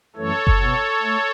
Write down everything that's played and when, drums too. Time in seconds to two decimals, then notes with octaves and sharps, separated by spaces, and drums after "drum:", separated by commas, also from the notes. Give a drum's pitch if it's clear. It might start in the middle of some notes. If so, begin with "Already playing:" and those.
0.16 F#2 E3 A3 A4 C#5
0.47 drum: kick F#1
0.59 B2 B3
1.02 A3